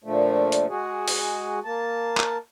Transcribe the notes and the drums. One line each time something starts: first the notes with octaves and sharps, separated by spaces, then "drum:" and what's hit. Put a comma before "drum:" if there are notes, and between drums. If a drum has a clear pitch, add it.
A#2 D3 F3 A3
drum: hi-hat
G#3 F#4 G#4
drum: open hi-hat
A#3 A5
drum: clap